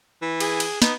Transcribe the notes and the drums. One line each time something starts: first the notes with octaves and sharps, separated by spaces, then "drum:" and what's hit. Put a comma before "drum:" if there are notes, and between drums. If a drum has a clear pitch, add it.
E3
G#4, drum: cymbal
drum: cymbal
B3 D#4, drum: snare